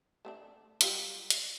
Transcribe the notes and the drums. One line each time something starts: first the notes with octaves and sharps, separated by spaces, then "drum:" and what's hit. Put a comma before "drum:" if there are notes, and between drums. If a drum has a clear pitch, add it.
A3 C4 D4
F#3 G3 F4, drum: hi-hat
drum: hi-hat